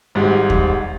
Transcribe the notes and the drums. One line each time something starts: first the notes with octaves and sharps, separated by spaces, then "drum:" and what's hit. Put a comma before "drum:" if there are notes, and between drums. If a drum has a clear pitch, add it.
G#1 G#2 G3
drum: kick D#2